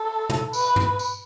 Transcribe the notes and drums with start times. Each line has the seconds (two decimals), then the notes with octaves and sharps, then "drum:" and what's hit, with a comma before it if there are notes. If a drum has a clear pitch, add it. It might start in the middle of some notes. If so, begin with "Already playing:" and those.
Already playing: A4
0.29 drum: tom
0.53 B4, drum: tambourine
0.76 drum: tom
0.99 drum: tambourine